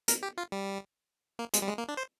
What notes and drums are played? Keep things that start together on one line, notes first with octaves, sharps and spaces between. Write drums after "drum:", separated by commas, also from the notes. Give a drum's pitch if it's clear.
A#4, drum: hi-hat
G4
F4
G3
A#3
G#3, drum: hi-hat
G3
G#3
A#3
D4
C5